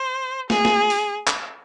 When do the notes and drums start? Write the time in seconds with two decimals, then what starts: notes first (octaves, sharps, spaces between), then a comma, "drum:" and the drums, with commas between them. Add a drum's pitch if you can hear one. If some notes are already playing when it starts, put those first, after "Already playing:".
Already playing: C5
0.50 G#4, drum: snare
0.65 drum: snare
0.90 drum: open hi-hat
1.28 drum: clap